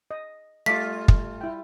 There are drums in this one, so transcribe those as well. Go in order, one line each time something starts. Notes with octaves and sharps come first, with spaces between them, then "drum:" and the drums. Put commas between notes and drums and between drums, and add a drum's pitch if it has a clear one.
D#5
G3 A3 F4 F5 D6 B6
drum: kick
E4 G5